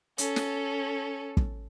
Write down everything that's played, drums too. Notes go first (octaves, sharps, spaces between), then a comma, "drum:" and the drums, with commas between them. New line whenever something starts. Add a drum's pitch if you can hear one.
C#4 A4, drum: hi-hat
drum: snare
drum: kick